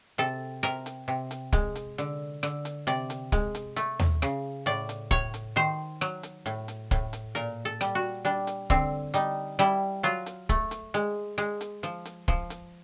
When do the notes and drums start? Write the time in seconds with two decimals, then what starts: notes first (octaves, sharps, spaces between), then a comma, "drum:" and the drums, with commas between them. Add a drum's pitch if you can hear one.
0.18 C3 A4, drum: hi-hat
0.63 C3 A#4, drum: rim click
0.86 drum: hi-hat
1.08 C3
1.31 drum: hi-hat
1.53 G#3, drum: kick, hi-hat
1.76 drum: hi-hat
1.98 D3, drum: hi-hat
2.43 D3, drum: rim click
2.65 drum: hi-hat
2.87 C3 D5, drum: hi-hat
3.10 drum: hi-hat
3.32 G#3, drum: kick, hi-hat
3.55 drum: hi-hat
3.76 A3, drum: hi-hat
3.99 drum: tom D#2
4.22 C#3, drum: rim click
4.66 A2 D5, drum: hi-hat
4.89 drum: hi-hat
5.11 A2 C#5, drum: kick, hi-hat
5.34 drum: hi-hat
5.56 D#3 C5, drum: hi-hat
6.01 F#3, drum: rim click
6.23 drum: hi-hat
6.46 A2, drum: hi-hat
6.68 drum: hi-hat
6.91 A2, drum: kick, hi-hat
7.13 drum: hi-hat
7.35 A#2 A#4, drum: hi-hat
7.65 A4
7.81 G3, drum: rim click
7.95 F#4
8.25 G3 D4, drum: hi-hat
8.47 drum: hi-hat
8.70 D3 C4, drum: kick, hi-hat
9.14 G3 D#4, drum: hi-hat
9.59 G3 E4, drum: rim click
10.03 F#3 F4, drum: hi-hat
10.26 drum: hi-hat
10.49 A3, drum: kick
10.71 drum: hi-hat
10.94 G#3, drum: hi-hat
11.38 G#3, drum: rim click
11.61 drum: hi-hat
11.83 F3, drum: hi-hat
12.05 drum: hi-hat
12.28 F3, drum: kick
12.50 drum: hi-hat